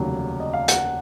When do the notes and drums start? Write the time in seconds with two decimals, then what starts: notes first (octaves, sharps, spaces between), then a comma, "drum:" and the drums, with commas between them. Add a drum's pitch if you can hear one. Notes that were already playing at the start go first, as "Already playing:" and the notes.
Already playing: F1 D#2 C#3 F#3
0.40 D#5
0.53 F5
0.68 F#5, drum: hi-hat